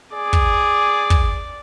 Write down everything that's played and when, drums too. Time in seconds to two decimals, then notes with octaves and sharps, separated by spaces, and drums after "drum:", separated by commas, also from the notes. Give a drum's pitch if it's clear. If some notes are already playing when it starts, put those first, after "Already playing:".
0.13 G#4 D5
0.33 drum: kick
1.10 drum: kick